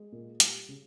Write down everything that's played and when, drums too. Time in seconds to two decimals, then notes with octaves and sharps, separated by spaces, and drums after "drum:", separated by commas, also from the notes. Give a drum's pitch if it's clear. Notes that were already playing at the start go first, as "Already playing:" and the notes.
Already playing: G#3
0.12 A#2
0.40 G3, drum: hi-hat
0.69 C#3